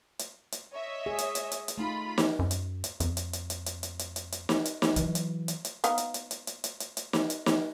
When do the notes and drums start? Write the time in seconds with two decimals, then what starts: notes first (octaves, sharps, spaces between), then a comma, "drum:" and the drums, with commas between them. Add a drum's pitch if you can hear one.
0.19 drum: hi-hat
0.52 drum: hi-hat
0.72 C#5 D#5 E5
1.06 G#4
1.18 drum: hi-hat
1.35 drum: hi-hat
1.51 drum: hi-hat
1.68 drum: hi-hat
1.78 A3 D#4 F4 B5
2.18 drum: snare
2.39 F#2
2.51 drum: hi-hat
2.84 drum: hi-hat
3.00 F2, drum: hi-hat
3.17 drum: hi-hat
3.33 drum: hi-hat
3.50 drum: hi-hat
3.66 drum: hi-hat
3.83 drum: hi-hat
3.99 drum: hi-hat
4.16 drum: hi-hat
4.32 drum: hi-hat
4.49 drum: snare
4.65 drum: hi-hat
4.82 drum: snare
4.96 E3 F#3, drum: hi-hat
5.15 drum: hi-hat
5.48 drum: hi-hat
5.65 drum: hi-hat
5.84 B3 D#4 F5, drum: hi-hat
5.98 drum: hi-hat
6.14 drum: hi-hat
6.31 drum: hi-hat
6.47 drum: hi-hat
6.64 drum: hi-hat
6.80 drum: hi-hat
6.97 drum: hi-hat
7.13 drum: snare
7.30 drum: hi-hat
7.46 drum: snare